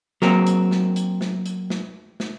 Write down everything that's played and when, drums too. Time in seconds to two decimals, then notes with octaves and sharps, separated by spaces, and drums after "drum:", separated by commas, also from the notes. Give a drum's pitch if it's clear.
0.22 F#3 A#3 C4, drum: snare
0.47 drum: hi-hat
0.71 drum: snare
0.96 drum: hi-hat
1.21 drum: snare
1.46 drum: hi-hat
1.70 drum: snare
2.20 drum: snare